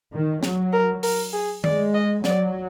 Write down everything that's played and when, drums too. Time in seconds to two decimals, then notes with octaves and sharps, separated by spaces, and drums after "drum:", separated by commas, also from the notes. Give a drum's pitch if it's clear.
0.12 D#3
0.43 F#3, drum: snare
0.73 A#4
1.03 A#4, drum: open hi-hat
1.33 G#4
1.64 G#3 D5, drum: tom D#3
1.94 D#5
2.24 F#3 D5, drum: snare